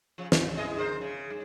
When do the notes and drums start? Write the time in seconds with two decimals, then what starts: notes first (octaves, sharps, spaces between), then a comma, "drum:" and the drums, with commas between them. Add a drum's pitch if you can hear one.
0.18 C#3 F3
0.32 D#2 G#2, drum: snare
0.57 E4 G#4 D#5
0.77 D3 A#4 C5
1.01 C#3
1.30 G2